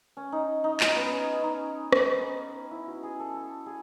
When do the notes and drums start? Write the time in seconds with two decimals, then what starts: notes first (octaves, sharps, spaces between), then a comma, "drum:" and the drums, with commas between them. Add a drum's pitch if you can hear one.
0.17 C#4
0.32 D#4
0.64 D#4
0.80 C#4, drum: clap
0.96 B3
1.12 C#4
1.43 D#4
1.92 drum: rim click
2.71 E4
2.87 F#4
3.03 G#4
3.19 A4
3.34 A4
3.66 G#4